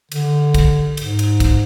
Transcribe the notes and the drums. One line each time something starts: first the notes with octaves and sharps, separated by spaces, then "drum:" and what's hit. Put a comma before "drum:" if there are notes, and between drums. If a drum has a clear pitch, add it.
D3, drum: cymbal
drum: kick, cymbal
G#2, drum: cymbal
drum: cymbal
drum: kick, cymbal